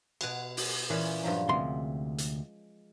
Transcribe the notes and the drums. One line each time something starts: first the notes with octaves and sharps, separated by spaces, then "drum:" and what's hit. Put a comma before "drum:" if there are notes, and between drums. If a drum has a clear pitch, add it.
B2 F#5 G#5, drum: cymbal
drum: open hi-hat
A#2 E3 C#4
G2 F3 F#3
D2 C3 G#3 C6
drum: hi-hat